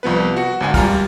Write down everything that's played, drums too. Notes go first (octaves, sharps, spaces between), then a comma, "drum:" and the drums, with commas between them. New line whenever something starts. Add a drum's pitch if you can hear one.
C2 F3 B3 B4
F#4 C#7
G#1 D2 G#5
G#1 G3 F4 A#5 F6, drum: kick, open hi-hat